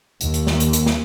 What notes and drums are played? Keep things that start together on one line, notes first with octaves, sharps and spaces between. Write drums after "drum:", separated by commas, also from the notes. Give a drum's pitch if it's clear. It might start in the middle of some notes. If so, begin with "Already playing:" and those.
D#2, drum: hi-hat
drum: hi-hat
drum: snare
drum: hi-hat
drum: hi-hat
drum: snare